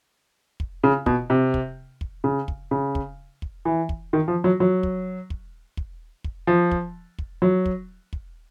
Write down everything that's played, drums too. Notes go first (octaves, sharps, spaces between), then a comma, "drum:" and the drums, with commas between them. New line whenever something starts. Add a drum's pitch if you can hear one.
drum: kick
C#3
B2, drum: kick
C3
drum: kick
drum: kick
C#3
drum: kick
C#3
drum: kick
drum: kick
E3
drum: kick
D#3
F3
F#3
F#3
drum: kick
drum: kick
drum: kick
drum: kick
F3
drum: kick
drum: kick
F#3
drum: kick
drum: kick